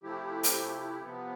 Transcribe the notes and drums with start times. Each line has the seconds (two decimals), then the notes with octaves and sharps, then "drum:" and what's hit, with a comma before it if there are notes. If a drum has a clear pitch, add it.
0.03 C3 F3 A3 E4 G4
0.43 drum: hi-hat
1.03 C3 F3 B3